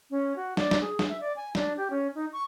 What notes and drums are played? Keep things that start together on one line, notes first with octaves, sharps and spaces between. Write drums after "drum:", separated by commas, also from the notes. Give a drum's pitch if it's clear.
C#4
F#4
D5, drum: snare
drum: snare
G#4
drum: snare
E5
D5
G#5
D4, drum: snare
G4
C#4
D#4
C#6